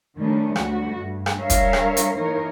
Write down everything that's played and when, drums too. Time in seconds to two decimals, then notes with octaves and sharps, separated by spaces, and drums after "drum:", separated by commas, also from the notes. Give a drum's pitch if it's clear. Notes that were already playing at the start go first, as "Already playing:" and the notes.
0.17 D#3 G3 A3 C#4 D4
0.56 D2 G3 A3 F#4, drum: rim click
0.98 G2
1.26 drum: rim click
1.36 G3 D4 A#4 C#5 E5 F5
1.50 drum: kick, hi-hat
1.73 drum: rim click
1.97 drum: hi-hat
2.14 E3 A#3 D#4 A#4 C#5